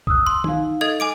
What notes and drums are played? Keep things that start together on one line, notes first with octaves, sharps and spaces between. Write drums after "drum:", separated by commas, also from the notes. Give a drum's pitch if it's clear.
D#6 E6 F#6, drum: kick B1
C6
D#4 F5, drum: tom D#3
A4 D#5 G#6
G#5 D6 D7